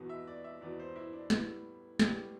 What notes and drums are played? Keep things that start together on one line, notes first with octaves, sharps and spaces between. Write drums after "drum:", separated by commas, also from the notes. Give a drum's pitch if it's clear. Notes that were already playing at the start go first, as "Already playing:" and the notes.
Already playing: E2 B2 B3
E5
D5
E5
E2 B2 B3 D5
C5
E4
D4
A2 G3 B3 E4, drum: snare
A2 G3 B3 G4, drum: snare